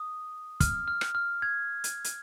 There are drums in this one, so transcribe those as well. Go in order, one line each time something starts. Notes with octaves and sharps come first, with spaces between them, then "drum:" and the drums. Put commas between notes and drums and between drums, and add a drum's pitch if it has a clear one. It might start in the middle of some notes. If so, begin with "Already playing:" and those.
Already playing: D#6
F6, drum: kick, hi-hat
F6
drum: rim click
F6
G#6
drum: hi-hat
drum: hi-hat